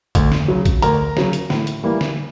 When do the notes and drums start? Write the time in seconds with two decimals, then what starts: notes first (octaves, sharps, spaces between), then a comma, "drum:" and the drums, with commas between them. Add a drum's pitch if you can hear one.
0.15 D2, drum: kick, hi-hat
0.32 drum: snare
0.48 C#3 F#3
0.66 drum: kick, hi-hat
0.82 D2 A#4 A#5, drum: hi-hat
1.17 C#3 F#3, drum: snare
1.33 drum: hi-hat
1.50 A2, drum: snare
1.67 drum: hi-hat
1.83 E3 G3 A#3
2.01 drum: snare